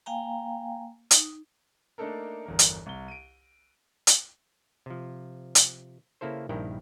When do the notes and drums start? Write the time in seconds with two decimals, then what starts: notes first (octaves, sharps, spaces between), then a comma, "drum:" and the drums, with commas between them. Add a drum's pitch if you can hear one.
0.06 A#3 F5 G5 G#5 A#5
1.11 D#4, drum: hi-hat
1.98 A3 A#3 D4 D#4 A4 A#4
2.46 G1 E2 A#4
2.59 drum: hi-hat
2.86 C2 G7
3.08 D7 D#7
4.07 drum: hi-hat
4.86 C3 F3
5.55 drum: hi-hat
6.21 C#3 A#3 E4 A4 C5
6.49 A#1 G2 D#3 E4 A#4 G5